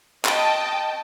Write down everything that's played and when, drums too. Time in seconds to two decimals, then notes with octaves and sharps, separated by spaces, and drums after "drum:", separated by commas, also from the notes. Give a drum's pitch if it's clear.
0.25 D#5 G5 A5, drum: clap